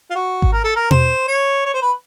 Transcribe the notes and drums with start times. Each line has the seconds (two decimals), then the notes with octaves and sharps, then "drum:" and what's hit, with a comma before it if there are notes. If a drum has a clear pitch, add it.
0.10 F4
0.15 F#4
0.42 drum: kick G#1
0.53 A#4
0.64 A4
0.76 A#4
0.91 C5, drum: tom B2
1.28 C#5
1.65 C#5
1.74 C5
1.82 B4